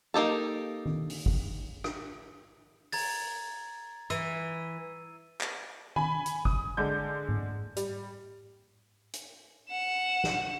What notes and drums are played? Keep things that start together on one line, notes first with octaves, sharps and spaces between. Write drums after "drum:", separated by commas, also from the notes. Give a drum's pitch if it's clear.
A#3 D#4 G4 A4
drum: tom D#3
drum: open hi-hat
drum: kick
drum: rim click
A#5 G#6 A6, drum: open hi-hat
E3 E6 D#7, drum: hi-hat
drum: clap
G#5 B5, drum: tom D#3
drum: hi-hat
D#6, drum: kick
D3 G#3 G6
drum: tom G#2
G3, drum: hi-hat
drum: hi-hat
F#5 E7
drum: snare